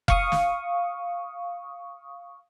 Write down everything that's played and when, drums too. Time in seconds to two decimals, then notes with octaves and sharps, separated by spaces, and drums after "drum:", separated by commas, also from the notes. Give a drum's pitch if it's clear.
0.08 F5 C#6 D#6, drum: kick F1
0.32 drum: snare